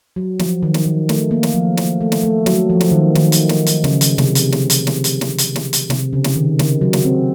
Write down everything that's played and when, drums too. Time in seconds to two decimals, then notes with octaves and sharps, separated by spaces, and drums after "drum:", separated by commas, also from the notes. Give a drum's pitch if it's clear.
0.16 F#3
0.39 F3, drum: snare
0.63 D#3
0.74 drum: snare
0.86 D#3
1.09 A3, drum: snare
1.31 A#3
1.43 drum: snare
1.54 F3
1.77 drum: snare
2.01 A3
2.12 drum: snare
2.23 A3
2.46 F#3, drum: snare
2.70 F3
2.80 drum: snare
2.92 D#3
3.15 D#3, drum: snare
3.32 drum: hi-hat
3.49 drum: snare
3.66 drum: hi-hat
3.84 C#3, drum: snare
4.01 drum: hi-hat
4.18 C3, drum: snare
4.35 drum: hi-hat
4.52 drum: snare
4.70 drum: hi-hat
4.87 drum: snare
5.04 drum: hi-hat
5.21 drum: snare
5.38 drum: hi-hat
5.56 drum: snare
5.73 drum: hi-hat
5.90 C3, drum: snare
6.13 C#3
6.24 drum: snare
6.36 D#3
6.59 C#3, drum: snare
6.81 F#3
6.93 drum: snare
7.04 C4